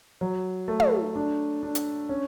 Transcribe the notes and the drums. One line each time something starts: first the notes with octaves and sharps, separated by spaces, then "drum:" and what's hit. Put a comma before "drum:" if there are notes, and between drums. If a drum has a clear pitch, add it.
F#3
A3
drum: tom
D4
D4
drum: hi-hat
C#4